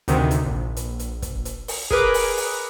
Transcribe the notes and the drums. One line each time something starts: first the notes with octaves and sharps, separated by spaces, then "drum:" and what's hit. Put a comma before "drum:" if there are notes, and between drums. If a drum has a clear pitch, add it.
D2 C3 D#3, drum: hi-hat
drum: hi-hat
A#1
drum: hi-hat
drum: hi-hat
drum: kick, hi-hat
drum: hi-hat
drum: open hi-hat
G#4 A#4 B4 D6, drum: kick
drum: open hi-hat
drum: open hi-hat